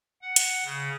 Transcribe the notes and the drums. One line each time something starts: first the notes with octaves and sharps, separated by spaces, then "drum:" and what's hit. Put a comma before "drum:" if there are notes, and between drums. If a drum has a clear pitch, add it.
F#5
drum: hi-hat
C#3